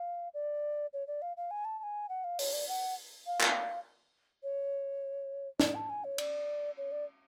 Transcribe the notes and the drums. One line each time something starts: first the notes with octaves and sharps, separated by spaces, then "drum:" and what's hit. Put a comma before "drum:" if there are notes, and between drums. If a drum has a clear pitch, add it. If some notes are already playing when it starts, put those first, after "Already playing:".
Already playing: F5
D5
C#5
D5
F5
F5
G#5
A5
A5
G#5
F#5
F5
C#5, drum: open hi-hat
D5
F#5
F5
drum: clap
C#5
D5, drum: snare
A5
G#5
C#5
D5, drum: cymbal
C#5
D5